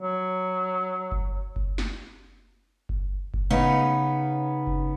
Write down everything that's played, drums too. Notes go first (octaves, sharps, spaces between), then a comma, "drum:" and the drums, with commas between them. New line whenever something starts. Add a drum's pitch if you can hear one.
F#3
drum: kick F#1
drum: kick F#1
drum: snare
drum: kick F#1
drum: kick F#1
C#3 B3 C#4 D#4
drum: kick F#1